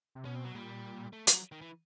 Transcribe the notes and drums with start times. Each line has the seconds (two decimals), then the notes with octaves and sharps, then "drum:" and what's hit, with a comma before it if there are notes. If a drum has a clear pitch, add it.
0.15 C3
0.25 B2 C#4
0.35 C4
0.45 F#3
0.55 A#2 G3
1.13 A3
1.27 F#3, drum: hi-hat
1.52 D#3
1.61 E3